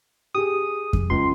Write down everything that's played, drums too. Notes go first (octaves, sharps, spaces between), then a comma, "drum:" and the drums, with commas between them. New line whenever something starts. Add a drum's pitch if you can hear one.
G4 G#4 D#6
drum: kick F2
C#2 C6